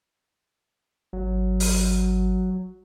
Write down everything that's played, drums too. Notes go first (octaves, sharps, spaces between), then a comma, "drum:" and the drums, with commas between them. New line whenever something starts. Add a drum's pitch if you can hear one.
G#1 F#3
drum: open hi-hat